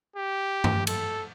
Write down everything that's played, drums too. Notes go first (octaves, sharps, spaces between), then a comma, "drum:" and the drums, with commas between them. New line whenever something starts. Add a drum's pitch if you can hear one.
G4
drum: tom
A4, drum: cymbal